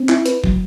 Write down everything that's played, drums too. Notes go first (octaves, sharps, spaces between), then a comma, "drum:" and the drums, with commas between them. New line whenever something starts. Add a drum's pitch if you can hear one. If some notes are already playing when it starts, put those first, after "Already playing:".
Already playing: C4
E4, drum: clap
B4, drum: hi-hat
F#3, drum: kick